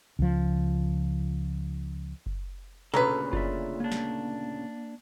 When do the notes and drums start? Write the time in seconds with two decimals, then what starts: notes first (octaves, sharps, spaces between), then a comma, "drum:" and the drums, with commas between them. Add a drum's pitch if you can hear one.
0.19 C#2 F3
2.26 drum: kick F#1
2.94 D2 A#2 C#3 F#3 A4 B4, drum: tom B2
3.33 F4 D5 E5, drum: kick F#1
3.80 A#3 D4
3.92 drum: snare